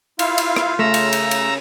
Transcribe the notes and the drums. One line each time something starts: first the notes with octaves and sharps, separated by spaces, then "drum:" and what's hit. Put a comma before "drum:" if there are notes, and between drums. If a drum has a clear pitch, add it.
E4 F4 F5, drum: cymbal
drum: cymbal
drum: rim click
C#3 A3 A#5 E6
drum: cymbal
drum: cymbal
drum: cymbal